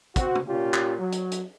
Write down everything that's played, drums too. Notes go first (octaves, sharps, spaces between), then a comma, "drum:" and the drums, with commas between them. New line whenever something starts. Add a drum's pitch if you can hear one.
C4 F#4, drum: kick, hi-hat
drum: tom
A#2 C#4 F4 G4
drum: clap
F#3
drum: hi-hat
drum: hi-hat